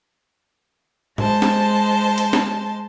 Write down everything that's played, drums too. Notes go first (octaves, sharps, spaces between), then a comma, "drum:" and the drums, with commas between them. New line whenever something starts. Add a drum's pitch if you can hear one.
G#3 C5 A5, drum: tom G#2
drum: snare
drum: hi-hat
drum: snare